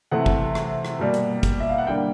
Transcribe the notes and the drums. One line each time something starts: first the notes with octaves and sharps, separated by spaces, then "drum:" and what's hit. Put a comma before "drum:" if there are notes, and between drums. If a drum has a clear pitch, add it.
C3 E3 A3 F#5
drum: kick
drum: rim click
drum: rim click
B2 G3 A#3
drum: hi-hat
drum: kick, hi-hat
E5
F5
F#5
D3 G3 A#3 G5